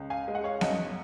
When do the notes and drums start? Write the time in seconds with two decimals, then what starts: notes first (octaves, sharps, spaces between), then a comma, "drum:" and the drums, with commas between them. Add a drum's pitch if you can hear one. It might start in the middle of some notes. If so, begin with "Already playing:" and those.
Already playing: C#2
0.10 F5 G#5
0.28 G#3
0.35 F#5
0.44 C#5 F5
0.61 F#2 D#5 F#5, drum: snare B3